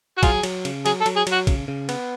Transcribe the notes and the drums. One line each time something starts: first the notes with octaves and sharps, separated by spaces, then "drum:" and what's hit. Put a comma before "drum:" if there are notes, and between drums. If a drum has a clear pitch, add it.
F#4
F#3 F4 G#4, drum: kick B1, cymbal
F#3, drum: cymbal
C#3, drum: cymbal
F#3 G#4, drum: cymbal
A4
F#3, drum: cymbal
G#4
F#3, drum: cymbal
F#4
C#3, drum: kick B1, cymbal
C#3
B3, drum: cymbal